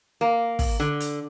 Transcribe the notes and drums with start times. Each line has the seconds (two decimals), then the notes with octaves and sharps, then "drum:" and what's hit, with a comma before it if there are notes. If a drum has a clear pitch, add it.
0.21 A#3
0.59 drum: kick, open hi-hat
0.80 D3
1.00 drum: hi-hat